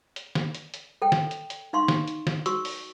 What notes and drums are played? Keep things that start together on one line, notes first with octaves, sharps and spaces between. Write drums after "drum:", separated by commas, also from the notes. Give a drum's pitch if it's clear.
drum: hi-hat
drum: snare
drum: hi-hat
drum: hi-hat
A4 G5
drum: snare
drum: hi-hat
drum: hi-hat
D#4 F5 C6 C#6
drum: snare
drum: hi-hat
drum: snare
F#4 C#6 E6, drum: hi-hat
drum: open hi-hat